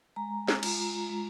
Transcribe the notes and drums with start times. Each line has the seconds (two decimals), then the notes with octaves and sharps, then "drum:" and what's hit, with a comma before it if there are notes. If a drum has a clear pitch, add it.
0.16 G#3 A#5
0.48 drum: snare
0.63 F4, drum: cymbal
1.10 G#3